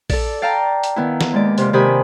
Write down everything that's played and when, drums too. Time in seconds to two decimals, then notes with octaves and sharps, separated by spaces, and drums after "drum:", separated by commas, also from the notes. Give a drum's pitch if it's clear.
0.10 A4 D5, drum: kick A#1, open hi-hat
0.42 D5 F5 G5 A5 A#5
0.83 drum: hi-hat
0.96 D#3 B3 E4
1.21 drum: snare
1.33 D#2 G#3 D5
1.58 C3 F4, drum: hi-hat
1.73 C3 D#3 G4 G#5 B5 D#6